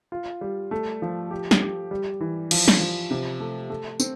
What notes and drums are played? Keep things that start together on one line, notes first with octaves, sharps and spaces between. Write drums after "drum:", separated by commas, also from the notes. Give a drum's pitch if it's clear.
F4
G3
A3
F3
G4
drum: snare
G4
G3
E3
F3, drum: cymbal
drum: snare
F3
C3
A3
A3
C4, drum: tambourine